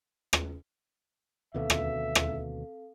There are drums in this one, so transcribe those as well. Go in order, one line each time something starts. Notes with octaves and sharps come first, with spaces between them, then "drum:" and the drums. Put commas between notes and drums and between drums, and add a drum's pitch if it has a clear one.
drum: rim click
D2 B2 D#3 C4 A4 E5 F5
drum: rim click
drum: rim click